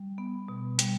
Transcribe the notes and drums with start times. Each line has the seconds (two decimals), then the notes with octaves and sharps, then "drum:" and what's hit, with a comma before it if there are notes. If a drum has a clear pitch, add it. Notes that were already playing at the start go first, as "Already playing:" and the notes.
Already playing: G3
0.18 B3
0.48 B2
0.79 G3, drum: hi-hat